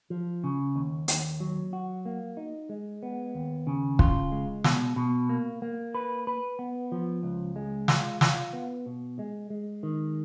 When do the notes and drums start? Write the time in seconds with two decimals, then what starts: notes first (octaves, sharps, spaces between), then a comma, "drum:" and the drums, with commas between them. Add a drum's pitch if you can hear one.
0.10 F3
0.44 C#3
0.76 D#2
1.08 D#2, drum: hi-hat
1.40 F#3
1.73 F#4
2.05 A#3
2.37 D#4
2.69 G#3
3.03 B3
3.35 D#2
3.67 C#3
3.99 F4, drum: kick
4.32 G#3
4.64 B2, drum: snare
4.96 B2
5.29 A#3
5.62 A#3
5.95 B4
6.27 B4
6.59 B3
6.92 F3
7.23 C#2
7.56 G#3
7.88 F4, drum: snare
8.21 F4, drum: snare
8.53 B3
8.86 B2
9.19 G#3
9.50 G#3
9.83 D#3